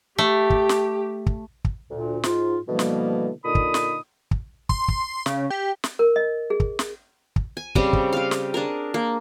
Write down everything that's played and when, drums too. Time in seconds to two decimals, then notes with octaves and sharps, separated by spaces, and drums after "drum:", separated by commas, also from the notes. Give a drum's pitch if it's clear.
0.18 A3 G4
0.50 drum: kick
0.69 drum: snare
1.26 drum: kick
1.65 drum: kick
1.90 D2 A#2
2.23 G#2 F4, drum: snare
2.68 B2 D3 E3 F3 G3 A#3
2.79 drum: snare
3.45 A#2 D3 D#4 B5 D#6
3.55 drum: kick
3.74 drum: snare
4.31 drum: kick
4.69 C6, drum: kick
4.88 drum: kick
5.26 C#3, drum: snare
5.50 G4
5.84 drum: snare
5.99 A#4
6.16 D#5
6.50 G#4
6.60 drum: kick
6.79 drum: snare
7.36 drum: kick
7.57 G#5
7.75 C#3 G3 C4, drum: kick
7.93 drum: kick
8.13 G4 F5
8.31 drum: snare
8.54 D4 G#4 A#4
8.94 A#3